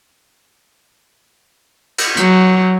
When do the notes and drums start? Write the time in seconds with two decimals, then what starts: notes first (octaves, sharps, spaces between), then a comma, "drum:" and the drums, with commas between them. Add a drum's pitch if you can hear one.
1.98 drum: cymbal
2.17 F#3, drum: hi-hat